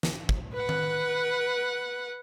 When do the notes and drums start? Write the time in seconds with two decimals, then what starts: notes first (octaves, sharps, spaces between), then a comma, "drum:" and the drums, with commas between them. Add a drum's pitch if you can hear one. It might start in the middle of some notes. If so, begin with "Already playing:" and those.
0.03 drum: snare
0.29 drum: kick
0.54 B4 F#5
0.69 drum: tom D#3